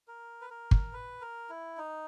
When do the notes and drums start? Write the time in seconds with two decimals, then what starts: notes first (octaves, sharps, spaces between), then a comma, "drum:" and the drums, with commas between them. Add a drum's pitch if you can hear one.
0.08 A#4
0.41 B4
0.50 A#4
0.71 drum: kick
0.93 B4
1.21 A#4
1.50 E4
1.78 D#4